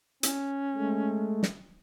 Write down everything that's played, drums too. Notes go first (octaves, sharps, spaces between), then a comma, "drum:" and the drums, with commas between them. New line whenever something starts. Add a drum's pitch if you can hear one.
C#4, drum: hi-hat
G#3 A3
drum: snare